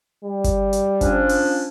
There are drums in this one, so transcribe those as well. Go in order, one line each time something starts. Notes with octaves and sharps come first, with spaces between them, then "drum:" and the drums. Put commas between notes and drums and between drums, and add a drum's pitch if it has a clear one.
G3
drum: kick G1, hi-hat
drum: hi-hat
F3 C#4 D4, drum: kick G1, hi-hat
drum: open hi-hat